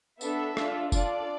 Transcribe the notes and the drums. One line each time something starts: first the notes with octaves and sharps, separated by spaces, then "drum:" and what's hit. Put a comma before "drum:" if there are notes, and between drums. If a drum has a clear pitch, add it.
B3 D4 A4 E5, drum: tambourine
D4 F4 A4, drum: rim click
D4 F4 A4 D5, drum: kick, tambourine